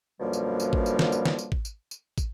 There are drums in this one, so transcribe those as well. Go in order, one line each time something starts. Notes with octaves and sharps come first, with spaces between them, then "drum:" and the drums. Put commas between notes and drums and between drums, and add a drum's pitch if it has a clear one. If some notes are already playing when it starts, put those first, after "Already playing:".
F#2 B2 D3 F3 G3 A#3
drum: tambourine
drum: tambourine
drum: kick
drum: tambourine
drum: snare
drum: tambourine
drum: snare
drum: tambourine
drum: kick
drum: tambourine
drum: tambourine
drum: kick, tambourine